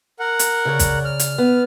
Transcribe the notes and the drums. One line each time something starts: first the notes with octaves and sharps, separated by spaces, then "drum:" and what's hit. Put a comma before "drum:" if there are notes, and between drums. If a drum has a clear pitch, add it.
A#4 F#5
drum: hi-hat
C#3 C#5 D5
drum: kick, hi-hat
F6
drum: hi-hat
B3